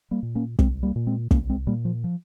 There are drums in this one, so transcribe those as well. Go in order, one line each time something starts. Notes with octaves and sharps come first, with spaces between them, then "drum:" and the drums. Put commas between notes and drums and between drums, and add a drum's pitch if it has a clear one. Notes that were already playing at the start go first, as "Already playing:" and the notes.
G3 A#3
A#2
A#3 C#4
C2 G#3 C4, drum: kick
G3 A#3
A#2
G#3 C4
C2 A#3 C#4, drum: kick
G#3 C4
A#2 G3 A#3
F3
F3